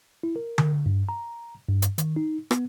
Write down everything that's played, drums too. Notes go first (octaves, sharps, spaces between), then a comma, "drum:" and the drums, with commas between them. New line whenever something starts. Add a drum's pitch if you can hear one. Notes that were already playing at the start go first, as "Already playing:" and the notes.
E4
A#4
drum: tom D3
G2
A#5
G2
drum: hi-hat
D#3, drum: hi-hat
D#4
B3, drum: rim click